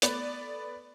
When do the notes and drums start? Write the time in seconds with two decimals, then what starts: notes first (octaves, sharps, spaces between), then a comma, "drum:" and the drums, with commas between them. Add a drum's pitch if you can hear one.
0.02 A3 B3 B4 D5, drum: hi-hat